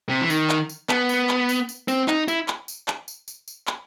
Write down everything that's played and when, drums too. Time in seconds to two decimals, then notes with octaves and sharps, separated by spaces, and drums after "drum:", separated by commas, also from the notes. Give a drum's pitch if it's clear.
0.09 C3
0.21 E3
0.30 D#3, drum: tambourine
0.50 drum: clap
0.69 drum: tambourine
0.89 B3, drum: clap
1.09 drum: tambourine
1.29 drum: clap
1.49 drum: tambourine
1.69 drum: tambourine
1.88 C4, drum: tambourine
2.08 D#4, drum: clap
2.28 E4, drum: tambourine
2.48 drum: clap
2.68 drum: tambourine
2.88 drum: clap
3.08 drum: tambourine
3.28 drum: tambourine
3.48 drum: tambourine
3.67 drum: clap